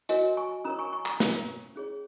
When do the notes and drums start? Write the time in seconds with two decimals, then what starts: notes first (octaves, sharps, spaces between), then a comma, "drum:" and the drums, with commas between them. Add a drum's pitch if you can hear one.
0.09 F#4 A#4 C#5 D#5 G#5, drum: hi-hat
0.37 G#5 C#6
0.64 C#4 A#4 C#5 A#5 D#6
0.79 G#5 C#6
0.93 G#5 C#6
1.06 A#5 D#6, drum: clap
1.20 C#4 A#4 C#5, drum: snare
1.76 C#4 G#4 C#5